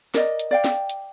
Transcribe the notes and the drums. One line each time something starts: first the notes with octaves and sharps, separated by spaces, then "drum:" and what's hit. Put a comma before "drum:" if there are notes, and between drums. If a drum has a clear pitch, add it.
A#4 D5 D#5, drum: snare
drum: hi-hat
D5 F5 G5
drum: snare
drum: hi-hat